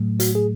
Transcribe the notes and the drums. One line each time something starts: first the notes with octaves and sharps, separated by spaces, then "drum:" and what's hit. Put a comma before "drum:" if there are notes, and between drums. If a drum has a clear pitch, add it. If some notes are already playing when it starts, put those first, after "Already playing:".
Already playing: A2 F#3 A3
F#4, drum: hi-hat
G#4